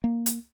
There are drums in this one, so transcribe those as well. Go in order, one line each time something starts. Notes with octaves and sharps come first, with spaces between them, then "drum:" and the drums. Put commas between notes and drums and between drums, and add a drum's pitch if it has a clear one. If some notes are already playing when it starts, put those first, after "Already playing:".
A#3
drum: hi-hat